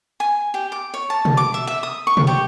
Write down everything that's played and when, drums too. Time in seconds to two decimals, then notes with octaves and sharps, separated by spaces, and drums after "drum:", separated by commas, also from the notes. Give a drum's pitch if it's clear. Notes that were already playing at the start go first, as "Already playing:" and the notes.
0.20 G#5
0.54 G4
0.72 D6
0.94 C#5
1.10 A5
1.25 drum: tom B2
1.37 D6
1.54 E5
1.67 E5
1.83 D#6
2.07 C#6
2.17 drum: tom B2
2.27 G4